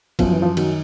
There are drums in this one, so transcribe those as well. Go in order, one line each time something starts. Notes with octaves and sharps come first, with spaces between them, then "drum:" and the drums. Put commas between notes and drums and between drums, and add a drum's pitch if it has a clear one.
F#2 F3, drum: kick, cymbal
E3
F3
D#3 F#3, drum: cymbal